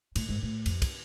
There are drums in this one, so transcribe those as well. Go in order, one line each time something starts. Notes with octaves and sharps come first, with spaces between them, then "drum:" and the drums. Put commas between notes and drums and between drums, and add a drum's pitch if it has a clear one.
A2, drum: cymbal
G#2
A2
F2, drum: cymbal
drum: kick, cymbal